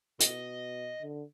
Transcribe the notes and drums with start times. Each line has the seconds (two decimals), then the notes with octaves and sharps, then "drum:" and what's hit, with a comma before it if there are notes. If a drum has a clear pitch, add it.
0.20 B2 D#5, drum: hi-hat
1.02 D3